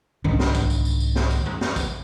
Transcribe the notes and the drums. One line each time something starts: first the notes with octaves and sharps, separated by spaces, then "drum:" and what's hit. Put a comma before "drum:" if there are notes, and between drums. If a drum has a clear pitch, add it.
C2 G#2 D#3 D4, drum: tom G#2
drum: snare
drum: kick, tambourine
drum: tambourine
drum: tambourine
drum: tambourine
drum: snare
drum: tambourine
drum: tom F#2
drum: snare
drum: kick, tambourine